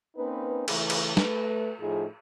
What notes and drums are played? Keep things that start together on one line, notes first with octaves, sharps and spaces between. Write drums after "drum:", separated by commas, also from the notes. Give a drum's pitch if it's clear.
A#3 C4 C#4 D#4 B4
C#3 E3 A3, drum: cymbal
drum: cymbal
A3 B4, drum: snare
A2 F3 D#4 F4 G#4